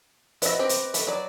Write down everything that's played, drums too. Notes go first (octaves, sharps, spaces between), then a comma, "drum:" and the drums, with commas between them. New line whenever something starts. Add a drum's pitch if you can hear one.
F3 F#4 B4 D#5 E5 A#6, drum: hi-hat
C4 G4
drum: hi-hat
A3 B5, drum: hi-hat
F#3 D5